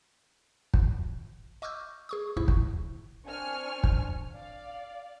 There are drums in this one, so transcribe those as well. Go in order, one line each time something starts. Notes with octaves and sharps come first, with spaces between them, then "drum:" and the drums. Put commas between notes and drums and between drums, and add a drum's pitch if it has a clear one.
drum: kick
D#5 C#6 D6 E6 F6 G6
G#4 C#6 D#6
G1 D2 G#2 C3 E4 C#6
drum: kick
C4 D4 G#5 C#6 F6
drum: kick
D5 F5